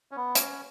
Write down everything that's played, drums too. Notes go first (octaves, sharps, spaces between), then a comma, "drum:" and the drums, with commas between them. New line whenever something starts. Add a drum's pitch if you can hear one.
C#4
B3
C#4, drum: hi-hat